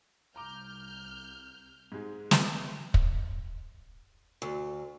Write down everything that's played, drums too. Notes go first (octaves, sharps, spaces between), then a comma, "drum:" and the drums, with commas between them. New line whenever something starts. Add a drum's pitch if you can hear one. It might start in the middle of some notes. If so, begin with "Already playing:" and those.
C2 A#5 D6 F6 G6
G#2 G#3
drum: snare
drum: kick
D2